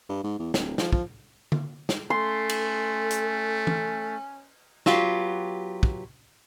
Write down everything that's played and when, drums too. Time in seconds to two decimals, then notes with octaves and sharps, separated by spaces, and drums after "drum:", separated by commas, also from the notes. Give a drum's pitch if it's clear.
0.09 G2
0.24 G#2
0.39 E2
0.54 D1, drum: snare
0.78 F3, drum: snare
0.92 F3, drum: kick
1.52 drum: tom D3
1.89 drum: snare
2.10 A3 C#4 A4 C6
2.49 drum: cymbal
3.10 drum: hi-hat
3.67 drum: tom E3
4.86 F#3 B3 F4 G4, drum: snare
5.83 drum: kick